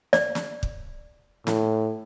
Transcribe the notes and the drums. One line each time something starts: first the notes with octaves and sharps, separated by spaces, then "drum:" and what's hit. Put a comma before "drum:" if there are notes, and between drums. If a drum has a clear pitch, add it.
D5, drum: snare
drum: snare
drum: kick
A2, drum: snare